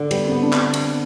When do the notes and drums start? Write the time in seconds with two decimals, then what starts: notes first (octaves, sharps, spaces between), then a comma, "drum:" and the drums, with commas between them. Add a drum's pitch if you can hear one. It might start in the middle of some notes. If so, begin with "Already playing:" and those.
Already playing: D3
0.11 G3 B3, drum: cymbal
0.27 B3 C4
0.42 D3 D4
0.53 drum: clap
0.74 drum: cymbal